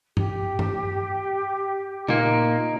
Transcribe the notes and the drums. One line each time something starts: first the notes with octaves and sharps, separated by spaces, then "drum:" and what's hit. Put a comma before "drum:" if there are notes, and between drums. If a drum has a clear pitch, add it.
G4, drum: tom G2
drum: tom G2
A#2 A#3 D#4, drum: tom C#3